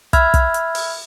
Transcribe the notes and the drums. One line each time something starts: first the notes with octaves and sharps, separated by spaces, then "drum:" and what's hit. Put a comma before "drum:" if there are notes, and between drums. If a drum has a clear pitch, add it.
E5 B5 E6 F6 G#6, drum: kick, hi-hat
drum: kick, hi-hat
drum: hi-hat
drum: open hi-hat